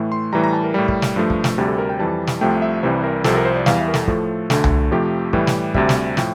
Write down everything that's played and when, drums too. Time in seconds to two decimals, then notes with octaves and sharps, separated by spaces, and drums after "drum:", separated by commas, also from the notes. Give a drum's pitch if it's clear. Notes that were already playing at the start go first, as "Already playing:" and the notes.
Already playing: A2 E3 A3
0.12 C6
0.33 A2 E3 G3 A#5
0.44 A#5
0.53 A5
0.64 A#4
0.74 A2 G3
0.88 drum: kick
1.02 drum: snare
1.16 G2 F3 A3
1.30 drum: kick
1.44 drum: snare
1.58 D2 C3 G3
1.68 A4
1.78 A#4
1.89 G5
1.99 F2 E3 G3 A5
2.27 drum: snare
2.41 C2 C3 F3 A3 G5
2.62 E5
2.83 C2 C3 E3 G3 C5
3.04 A#4
3.24 C2 C3 F3 A4, drum: snare
3.35 A#4
3.45 C5
3.56 D5
3.66 E2 E3 G3 F5, drum: snare
3.81 E5
3.88 A#4
3.94 A4, drum: snare
4.08 A2 F3 A3, drum: kick
4.50 D2 D3 A3, drum: snare
4.64 drum: tom C2
4.91 F2 C3 F3 A3 G4
5.33 A2 E3 G3, drum: kick
5.47 drum: snare
5.74 D2 C3 G3 E5, drum: kick
5.89 drum: snare
6.17 A2 F3 G5, drum: snare